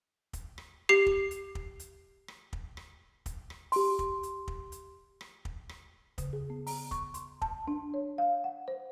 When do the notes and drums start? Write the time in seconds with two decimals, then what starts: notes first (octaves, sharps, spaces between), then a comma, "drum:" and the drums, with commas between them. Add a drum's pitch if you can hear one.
0.33 drum: kick, hi-hat
0.58 drum: rim click
0.89 G4 C7
1.06 drum: kick
1.31 drum: hi-hat
1.55 drum: kick
1.80 drum: hi-hat
2.28 drum: rim click
2.53 drum: kick
2.77 drum: rim click
3.26 drum: kick, hi-hat
3.50 drum: rim click
3.72 G4 C6, drum: open hi-hat
3.99 drum: kick
4.23 drum: hi-hat
4.48 drum: kick
4.72 drum: hi-hat
5.21 drum: rim click
5.45 drum: kick
5.69 drum: rim click
6.18 C#3, drum: kick, hi-hat
6.33 G#4
6.50 B3
6.67 A#5, drum: open hi-hat
6.91 C#6, drum: kick
7.14 C6, drum: hi-hat
7.42 A5, drum: kick
7.68 D4
7.94 C#5
8.18 F5
8.44 F#5
8.68 C5